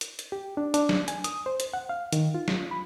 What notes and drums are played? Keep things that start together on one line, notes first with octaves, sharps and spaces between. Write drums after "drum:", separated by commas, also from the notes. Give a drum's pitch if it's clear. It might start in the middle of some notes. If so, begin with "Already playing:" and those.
drum: hi-hat
drum: hi-hat
G4
D4
D4, drum: hi-hat
drum: snare
G#5, drum: hi-hat
D#6, drum: hi-hat
C5
drum: hi-hat
F#5
F5
D#3, drum: hi-hat
F4
drum: snare
B5